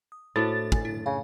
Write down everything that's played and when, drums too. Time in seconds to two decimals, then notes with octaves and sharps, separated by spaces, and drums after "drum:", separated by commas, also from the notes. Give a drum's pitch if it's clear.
0.12 D#6
0.36 A2 D4 E4 F#4 C5 A6
0.72 G#5, drum: kick
0.85 E4
1.06 C#3 F5